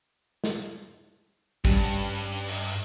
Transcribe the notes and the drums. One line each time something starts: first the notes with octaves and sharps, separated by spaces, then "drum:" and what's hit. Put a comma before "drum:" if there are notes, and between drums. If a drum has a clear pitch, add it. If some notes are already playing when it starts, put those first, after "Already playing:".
drum: snare
G2 G3 C#4, drum: kick
drum: hi-hat
drum: cymbal